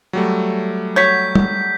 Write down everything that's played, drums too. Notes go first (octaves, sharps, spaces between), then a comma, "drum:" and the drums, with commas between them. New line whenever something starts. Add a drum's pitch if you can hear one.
F#3 G3 A3
F#4 C#5 G6 B6
drum: tom